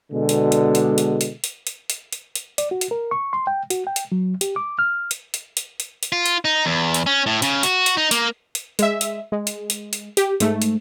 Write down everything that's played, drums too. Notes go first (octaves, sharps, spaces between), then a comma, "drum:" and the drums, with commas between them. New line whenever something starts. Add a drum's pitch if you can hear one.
B2 D3 G#3
drum: hi-hat
drum: hi-hat
drum: hi-hat
drum: hi-hat
drum: hi-hat
drum: hi-hat
drum: hi-hat
drum: hi-hat
drum: hi-hat
drum: hi-hat
D5, drum: hi-hat
F#4
drum: hi-hat
A#4
C#6
C6
G5
F#4, drum: hi-hat
G5
drum: hi-hat
F#3
G4, drum: hi-hat
D6
F6
drum: hi-hat
drum: hi-hat
drum: hi-hat
drum: hi-hat
drum: hi-hat
F4
drum: hi-hat
D#4
E2
drum: hi-hat
C#4
A2
C#3, drum: hi-hat
F#4, drum: hi-hat
drum: hi-hat
D#4
A#3, drum: hi-hat
drum: hi-hat
G#3 E5, drum: hi-hat
drum: hi-hat
G#3
drum: hi-hat
drum: hi-hat
drum: hi-hat
G4, drum: hi-hat
G#2 A3, drum: hi-hat
drum: hi-hat